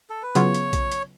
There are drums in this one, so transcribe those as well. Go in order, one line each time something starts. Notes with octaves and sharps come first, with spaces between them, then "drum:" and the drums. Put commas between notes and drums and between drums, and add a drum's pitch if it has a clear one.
A4
B4
C#3 F#3 B3 F4 C#5, drum: hi-hat
drum: hi-hat
drum: kick A#1, hi-hat
drum: hi-hat